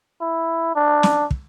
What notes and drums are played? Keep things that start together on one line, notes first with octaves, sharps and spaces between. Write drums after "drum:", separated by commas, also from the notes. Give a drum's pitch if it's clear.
E4
D4
drum: snare
drum: kick